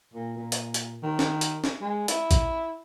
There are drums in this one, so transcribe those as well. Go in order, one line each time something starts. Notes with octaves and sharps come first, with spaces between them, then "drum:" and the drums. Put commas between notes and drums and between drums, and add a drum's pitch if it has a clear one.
A#2
A#2
drum: hi-hat
drum: hi-hat
D#3
drum: snare
drum: hi-hat
drum: snare
G#3
E4, drum: hi-hat
drum: kick, hi-hat